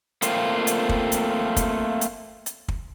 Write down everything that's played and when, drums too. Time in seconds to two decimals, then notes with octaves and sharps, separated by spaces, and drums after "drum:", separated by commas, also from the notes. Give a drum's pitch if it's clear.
0.22 A3 A#3 C4 F4, drum: hi-hat
0.67 drum: hi-hat
0.89 drum: kick
1.12 drum: hi-hat
1.56 drum: kick, hi-hat
2.01 drum: hi-hat
2.46 drum: hi-hat
2.68 drum: kick